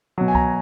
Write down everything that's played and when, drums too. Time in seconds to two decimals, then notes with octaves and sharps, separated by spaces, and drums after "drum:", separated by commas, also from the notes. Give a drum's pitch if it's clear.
0.18 B2 F#3
0.28 G#5
0.35 A#5, drum: kick C2